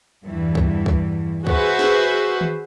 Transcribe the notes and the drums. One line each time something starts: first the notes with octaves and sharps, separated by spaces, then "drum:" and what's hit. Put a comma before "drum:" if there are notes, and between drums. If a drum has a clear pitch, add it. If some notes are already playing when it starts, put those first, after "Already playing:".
E2 G2 E3
drum: kick
drum: kick
F#4 G#4 B4 C5 E5, drum: kick
drum: snare
drum: tom D#3